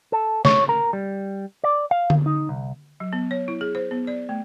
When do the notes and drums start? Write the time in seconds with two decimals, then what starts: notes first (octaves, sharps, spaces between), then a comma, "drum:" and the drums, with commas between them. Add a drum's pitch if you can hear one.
0.12 A4
0.45 C#5, drum: snare
0.69 A#4
0.93 G3
1.64 D5
1.91 F5
2.10 drum: tom D3
2.26 D#4
2.49 C2
3.00 F#3
3.13 B3
3.31 C#5
3.48 E4
3.61 G#4
3.75 C5
3.91 B3
4.07 D5
4.29 A3